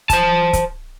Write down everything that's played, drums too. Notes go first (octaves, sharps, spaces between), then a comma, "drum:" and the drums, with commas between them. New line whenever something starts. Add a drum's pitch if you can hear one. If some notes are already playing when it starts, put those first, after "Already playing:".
C5 A5, drum: kick C#1, hi-hat
drum: kick C#1, hi-hat